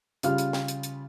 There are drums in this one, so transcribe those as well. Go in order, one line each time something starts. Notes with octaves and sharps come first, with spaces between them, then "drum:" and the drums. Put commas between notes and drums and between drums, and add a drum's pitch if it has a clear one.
C#3 G3 F4 F6, drum: hi-hat
drum: hi-hat
drum: snare
drum: hi-hat
drum: hi-hat